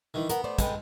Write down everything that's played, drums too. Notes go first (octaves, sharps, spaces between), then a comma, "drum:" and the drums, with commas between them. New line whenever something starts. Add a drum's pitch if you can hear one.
D#3 E3
B3 A#4 F#5, drum: hi-hat
A3 C5 D5
G#3 A4 B4 G5, drum: kick, hi-hat